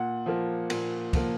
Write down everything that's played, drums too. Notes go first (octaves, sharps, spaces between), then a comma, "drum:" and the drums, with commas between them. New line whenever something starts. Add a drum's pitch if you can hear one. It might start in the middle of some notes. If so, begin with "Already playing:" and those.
Already playing: A#2 F#5
F3 A#3
A#2, drum: cymbal
F3 A#3, drum: kick, cymbal